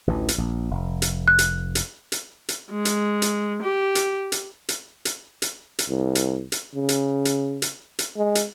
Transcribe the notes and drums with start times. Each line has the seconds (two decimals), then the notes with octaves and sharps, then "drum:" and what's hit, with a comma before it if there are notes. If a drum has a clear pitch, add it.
0.07 A1 D2 E3
0.28 drum: hi-hat
0.38 A#1
0.71 F1
1.02 drum: hi-hat
1.28 F#6
1.39 drum: hi-hat
1.75 drum: hi-hat
2.12 drum: hi-hat
2.49 drum: hi-hat
2.71 G#3
2.85 drum: hi-hat
3.22 drum: hi-hat
3.63 G4
3.95 drum: hi-hat
4.32 drum: hi-hat
4.69 drum: hi-hat
5.05 drum: hi-hat
5.42 drum: hi-hat
5.79 drum: hi-hat
5.89 C2
6.15 drum: hi-hat
6.52 drum: hi-hat
6.75 C#3
6.89 drum: hi-hat
7.25 drum: hi-hat
7.62 drum: hi-hat
7.99 drum: hi-hat
8.17 G#3
8.35 drum: hi-hat